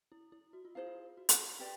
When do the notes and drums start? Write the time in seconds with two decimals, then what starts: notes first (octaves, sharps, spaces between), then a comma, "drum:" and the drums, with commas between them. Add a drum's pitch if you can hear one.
0.12 E4
0.32 E4
0.53 F#4
0.65 F4
0.75 E4 G#4 C5 F5
0.86 F4
1.17 F#4
1.29 drum: hi-hat
1.60 G4 B4 D5 G5